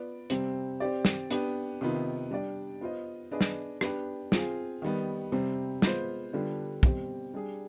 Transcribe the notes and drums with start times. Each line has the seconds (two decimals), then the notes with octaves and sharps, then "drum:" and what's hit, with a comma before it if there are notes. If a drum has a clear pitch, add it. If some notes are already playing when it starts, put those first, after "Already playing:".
Already playing: B3 F4 B4 D5
0.30 C3 G3 C4, drum: hi-hat
0.80 C4 G4 D5
1.05 drum: snare
1.31 B3 D4 G4, drum: hi-hat
1.81 C3 D#3 B3 F4
2.31 G3 D4 G4 D5
2.81 B3 F4 C5 D#5
3.31 B3 D4 G#4 B4 D#5
3.41 drum: snare
3.81 B3 D4 G4 B4, drum: rim click
4.32 C4 F4 G#4, drum: snare
4.82 D#3 G3 B3
5.32 C3 G3 C4
5.82 G#3 B3 F4 C5, drum: snare
6.33 D3 G3 B3 D4 F4
6.83 B2 G3 C4 G4, drum: kick
7.34 G3 D4 G#4